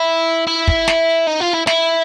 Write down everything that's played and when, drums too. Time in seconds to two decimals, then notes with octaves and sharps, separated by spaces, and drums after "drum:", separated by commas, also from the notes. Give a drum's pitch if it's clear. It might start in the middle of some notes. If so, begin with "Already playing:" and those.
Already playing: E4
0.47 E4
0.68 drum: kick
0.88 drum: snare
1.27 D#4
1.41 F4
1.54 E4
1.67 E4, drum: snare